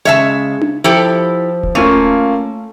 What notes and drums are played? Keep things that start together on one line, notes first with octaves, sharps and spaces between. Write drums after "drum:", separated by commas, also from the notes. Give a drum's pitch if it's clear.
C#3 G#3 C#5 E5 A5
drum: tom D4
F3 E4 G4 A4
drum: kick D1
A3 A#3 C#4 F4